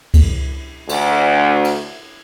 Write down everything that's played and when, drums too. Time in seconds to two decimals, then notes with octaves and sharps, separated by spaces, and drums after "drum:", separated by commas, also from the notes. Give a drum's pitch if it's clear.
0.14 drum: kick C#2, cymbal
0.89 D2, drum: cymbal
1.65 drum: cymbal